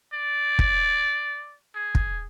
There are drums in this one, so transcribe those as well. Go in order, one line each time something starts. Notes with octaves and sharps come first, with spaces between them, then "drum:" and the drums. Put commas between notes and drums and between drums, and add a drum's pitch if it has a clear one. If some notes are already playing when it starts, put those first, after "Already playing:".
D5
drum: kick
G#4
drum: kick